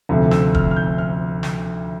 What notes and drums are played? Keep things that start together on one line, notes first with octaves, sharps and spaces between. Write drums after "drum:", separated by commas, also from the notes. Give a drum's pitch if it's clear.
D2 C3 F3 A3
E6, drum: snare
E6
F6, drum: kick
F6
G6
F6
drum: snare